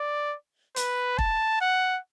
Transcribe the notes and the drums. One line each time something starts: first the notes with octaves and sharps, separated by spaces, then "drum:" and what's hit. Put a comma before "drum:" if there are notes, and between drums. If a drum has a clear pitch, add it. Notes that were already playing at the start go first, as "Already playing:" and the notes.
Already playing: D5
B4, drum: hi-hat
A5, drum: kick
F#5